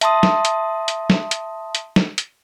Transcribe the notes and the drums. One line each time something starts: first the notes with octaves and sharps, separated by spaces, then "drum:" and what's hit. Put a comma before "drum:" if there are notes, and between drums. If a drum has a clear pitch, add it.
E5 A5 C6 D#6, drum: hi-hat
drum: snare
drum: hi-hat
drum: hi-hat
drum: snare
drum: hi-hat
drum: hi-hat
drum: snare
drum: hi-hat